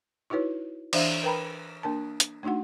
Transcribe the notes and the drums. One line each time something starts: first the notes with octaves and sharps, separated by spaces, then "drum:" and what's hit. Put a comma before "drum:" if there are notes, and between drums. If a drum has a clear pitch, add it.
D#4 E4 F#4 B4 C#5
E3 D4 C5 E5 F5, drum: cymbal
A#4 B4 G5 A#5 B5
A#3 D4 A#4 A5
drum: hi-hat
A3 D4 D#4 F#4 F#5